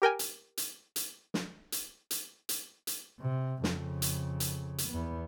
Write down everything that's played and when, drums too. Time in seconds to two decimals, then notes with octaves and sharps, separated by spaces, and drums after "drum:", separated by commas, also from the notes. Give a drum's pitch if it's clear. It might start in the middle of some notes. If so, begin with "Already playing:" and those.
0.02 G4 A#4 G5 G#5
0.19 drum: hi-hat
0.57 drum: hi-hat
0.96 drum: hi-hat
1.34 drum: snare
1.72 drum: hi-hat
2.11 drum: hi-hat
2.49 drum: hi-hat
2.87 drum: hi-hat
3.20 C3
3.64 F2 C#3, drum: snare
4.02 drum: hi-hat
4.40 drum: hi-hat
4.78 drum: hi-hat
4.89 E2 B3